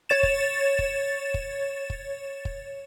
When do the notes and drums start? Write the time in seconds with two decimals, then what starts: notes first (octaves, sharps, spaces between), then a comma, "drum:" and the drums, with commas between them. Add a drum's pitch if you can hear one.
0.09 C#5 A6 E7
0.23 drum: kick
0.79 drum: kick
1.34 drum: kick
1.90 drum: kick
2.45 drum: kick